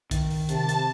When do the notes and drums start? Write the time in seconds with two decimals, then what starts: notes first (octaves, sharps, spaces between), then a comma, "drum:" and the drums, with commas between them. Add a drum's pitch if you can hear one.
0.11 D#3, drum: kick, hi-hat
0.30 drum: open hi-hat
0.49 C3 A5, drum: hi-hat
0.69 drum: hi-hat